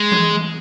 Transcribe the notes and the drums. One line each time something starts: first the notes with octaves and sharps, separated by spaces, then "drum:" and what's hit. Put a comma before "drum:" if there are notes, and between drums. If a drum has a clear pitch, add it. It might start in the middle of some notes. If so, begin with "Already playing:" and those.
Already playing: G#3
drum: tom E3